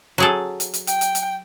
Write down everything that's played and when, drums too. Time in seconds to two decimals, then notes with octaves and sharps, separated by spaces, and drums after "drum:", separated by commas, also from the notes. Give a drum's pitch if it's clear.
0.18 F#3 G#4 A4
0.60 drum: hi-hat
0.74 drum: hi-hat
0.87 G5, drum: hi-hat
1.01 drum: hi-hat
1.15 drum: hi-hat